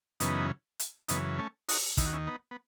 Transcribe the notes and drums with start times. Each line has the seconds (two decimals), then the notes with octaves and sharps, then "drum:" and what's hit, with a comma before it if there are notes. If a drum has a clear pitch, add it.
0.20 F#2 C#3 E3 B3 D#4, drum: hi-hat
0.79 drum: hi-hat
1.08 F#2 C#3 E3 B3 D#4, drum: hi-hat
1.38 A3 C#4
1.69 D#4 F#4, drum: open hi-hat
1.97 D#2 D#3 E4, drum: kick, hi-hat
2.06 F#4
2.13 C#4 E4
2.27 B3 D#4
2.51 B3